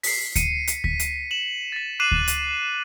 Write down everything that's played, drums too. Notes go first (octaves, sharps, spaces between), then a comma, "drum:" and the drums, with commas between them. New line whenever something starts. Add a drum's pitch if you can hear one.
B6 C7, drum: open hi-hat
C#7 D#7, drum: kick D2, hi-hat
drum: hi-hat
B6, drum: kick D2
drum: hi-hat
E7 F#7
A6 B6
D6 F#6 C7 D#7 E7 F#7
drum: kick D2
drum: hi-hat